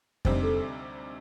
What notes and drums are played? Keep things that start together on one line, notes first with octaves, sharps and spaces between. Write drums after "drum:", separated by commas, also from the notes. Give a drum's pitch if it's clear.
D2 C3 G3 C4 D#4 C5, drum: kick F2
A4